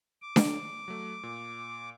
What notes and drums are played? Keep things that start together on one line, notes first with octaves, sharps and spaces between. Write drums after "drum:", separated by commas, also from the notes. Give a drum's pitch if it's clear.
D6
drum: snare D4
F#3 A3
A#2